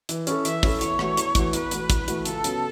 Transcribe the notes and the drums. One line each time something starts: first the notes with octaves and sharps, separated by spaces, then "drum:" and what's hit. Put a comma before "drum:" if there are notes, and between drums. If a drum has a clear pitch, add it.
E3, drum: hi-hat
C#4 E4 A4, drum: hi-hat
E3 E5, drum: hi-hat
C#4 E4 A4, drum: kick, open hi-hat
E2 C#5, drum: hi-hat
E3 A3 F#4, drum: rim click
E2, drum: hi-hat
E3 A3 F#4, drum: kick, hi-hat
E2 B4, drum: hi-hat
E3 A3 F#4, drum: hi-hat
E2, drum: kick, hi-hat
E3 A3 F#4, drum: hi-hat
C#2 A4, drum: hi-hat
C#3 F#3 B3, drum: hi-hat